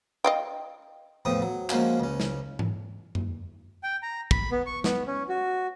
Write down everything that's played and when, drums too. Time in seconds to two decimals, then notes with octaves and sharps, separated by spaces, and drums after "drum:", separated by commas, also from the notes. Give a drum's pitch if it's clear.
0.24 D#5 F5 G5
1.25 E2 A2 F3 G5 D#6
1.42 F#3
1.70 F3 G#3 A#3 C#4 F#4, drum: clap
2.00 C#2 C#4
2.20 drum: snare
2.59 drum: tom G#2
3.15 drum: tom F#2
3.83 G5
4.03 A#5
4.31 B5, drum: kick
4.52 B3
4.66 C#6
4.84 B3, drum: snare
5.07 C#4
5.29 F#4